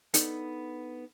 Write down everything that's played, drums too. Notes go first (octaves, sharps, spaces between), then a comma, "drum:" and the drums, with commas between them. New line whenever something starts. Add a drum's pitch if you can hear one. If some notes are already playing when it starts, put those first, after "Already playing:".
B3 D4 D#4 A4, drum: hi-hat